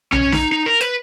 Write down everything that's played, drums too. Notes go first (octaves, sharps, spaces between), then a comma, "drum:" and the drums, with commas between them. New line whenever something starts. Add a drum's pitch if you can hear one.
C#4, drum: tom B1
D#4, drum: snare
D#4
A#4
B4, drum: hi-hat